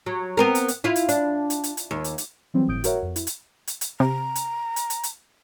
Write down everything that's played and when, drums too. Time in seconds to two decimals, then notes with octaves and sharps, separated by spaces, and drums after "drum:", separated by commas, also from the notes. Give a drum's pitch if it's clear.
0.06 F#3
0.37 B3 C4 A#4
0.55 drum: hi-hat
0.68 drum: hi-hat
0.84 E4 F4
0.96 drum: hi-hat
1.09 D4, drum: hi-hat
1.50 drum: hi-hat
1.64 drum: hi-hat
1.77 drum: hi-hat
1.91 D#2
2.04 drum: hi-hat
2.18 drum: hi-hat
2.54 E3 F#3 G3 C4
2.68 G1 A2 D#6 G6 D7
2.84 F#4 A#4 C#5 E5 F#5, drum: hi-hat
3.03 F2
3.16 E4, drum: hi-hat
3.27 drum: hi-hat
3.67 drum: hi-hat
3.81 drum: hi-hat
4.00 C3 A#5
4.35 drum: hi-hat
4.76 drum: hi-hat
4.90 drum: hi-hat
5.03 drum: hi-hat